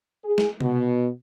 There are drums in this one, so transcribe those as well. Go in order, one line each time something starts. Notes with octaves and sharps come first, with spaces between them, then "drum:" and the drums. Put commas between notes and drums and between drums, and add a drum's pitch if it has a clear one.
G#4
drum: snare
B2, drum: tom C3